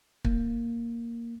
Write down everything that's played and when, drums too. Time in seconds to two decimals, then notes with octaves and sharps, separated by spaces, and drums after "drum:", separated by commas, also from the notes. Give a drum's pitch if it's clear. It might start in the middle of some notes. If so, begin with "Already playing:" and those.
0.25 A#3, drum: kick